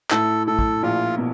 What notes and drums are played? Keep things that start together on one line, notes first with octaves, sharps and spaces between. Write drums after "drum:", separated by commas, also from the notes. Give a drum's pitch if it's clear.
A2 A4, drum: clap
A2 A4
drum: kick
A#1 A#2 F4
B2